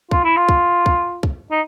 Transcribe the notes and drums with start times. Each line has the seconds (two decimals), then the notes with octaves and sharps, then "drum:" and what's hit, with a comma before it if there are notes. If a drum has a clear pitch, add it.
0.11 F4, drum: kick
0.24 E4
0.37 F4
0.49 drum: kick
0.86 drum: kick
1.23 drum: kick
1.51 D#4